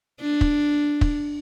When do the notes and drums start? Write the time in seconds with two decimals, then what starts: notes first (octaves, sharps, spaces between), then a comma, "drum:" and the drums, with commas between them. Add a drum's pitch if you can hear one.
0.21 D4
0.41 drum: kick
1.01 drum: kick